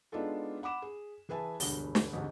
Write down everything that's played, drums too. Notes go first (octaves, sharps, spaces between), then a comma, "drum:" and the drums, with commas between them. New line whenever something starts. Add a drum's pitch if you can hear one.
G#3 B3 D4 D#4 F4 A4
F#5 B5 D6 E7
G#4
E3 G#4 B4 E5 G#5 A5
E1 D2 G2, drum: open hi-hat
drum: snare
A1 D2 G#2 C3